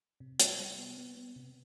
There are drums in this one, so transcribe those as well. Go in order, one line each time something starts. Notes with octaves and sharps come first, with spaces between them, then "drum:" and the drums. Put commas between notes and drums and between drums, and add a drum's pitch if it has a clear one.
C3
G3, drum: hi-hat
G3
B3
B3
B3
C3